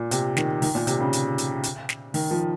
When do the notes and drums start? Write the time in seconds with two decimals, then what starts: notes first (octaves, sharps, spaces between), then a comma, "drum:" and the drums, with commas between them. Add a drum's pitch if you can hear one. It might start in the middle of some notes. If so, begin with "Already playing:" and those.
Already playing: A#2
0.11 C3, drum: hi-hat
0.37 D#3, drum: snare
0.62 D#3, drum: open hi-hat
0.75 A#2
0.87 C3, drum: hi-hat
1.00 C#3
1.13 drum: hi-hat
1.38 drum: hi-hat
1.63 drum: hi-hat
1.89 drum: snare
2.14 D#3, drum: open hi-hat
2.31 F3